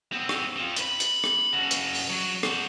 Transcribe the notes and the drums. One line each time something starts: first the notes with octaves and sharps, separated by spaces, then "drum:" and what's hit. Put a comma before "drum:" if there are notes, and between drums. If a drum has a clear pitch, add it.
B3 C4
drum: rim click
C4 F4
B4 B5, drum: hi-hat
drum: hi-hat
drum: rim click
C#3 F#4
drum: hi-hat
drum: open hi-hat
F#3
F#4 C5, drum: rim click